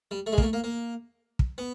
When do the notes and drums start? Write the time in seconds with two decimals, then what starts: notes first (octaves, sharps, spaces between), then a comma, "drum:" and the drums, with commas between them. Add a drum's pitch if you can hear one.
0.11 G3
0.27 A3
0.33 G#3
0.38 A#3, drum: kick
0.43 A3
0.53 A#3
0.64 A#3
1.39 drum: kick
1.58 B3